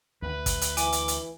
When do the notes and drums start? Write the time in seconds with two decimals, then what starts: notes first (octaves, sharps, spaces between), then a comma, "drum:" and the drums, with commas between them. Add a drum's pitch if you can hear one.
0.22 D2 B4
0.46 drum: kick, hi-hat
0.61 drum: hi-hat
0.77 E3 G#5 D6, drum: hi-hat
0.92 drum: hi-hat
1.08 drum: hi-hat